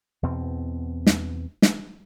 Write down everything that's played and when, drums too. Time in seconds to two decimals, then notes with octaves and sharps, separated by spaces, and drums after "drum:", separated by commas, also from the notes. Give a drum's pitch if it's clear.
0.23 E2 B2 C4
1.06 drum: snare
1.62 drum: snare